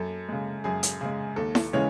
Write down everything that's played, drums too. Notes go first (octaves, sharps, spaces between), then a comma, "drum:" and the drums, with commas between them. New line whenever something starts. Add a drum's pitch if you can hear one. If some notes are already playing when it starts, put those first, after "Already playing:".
Already playing: F#2 A4
C#3 G#3
F#2 G#4
drum: hi-hat
C#3 G#3 G#4
D#2 A4
drum: snare E4
C#3 E3 G#3 C#4 C#5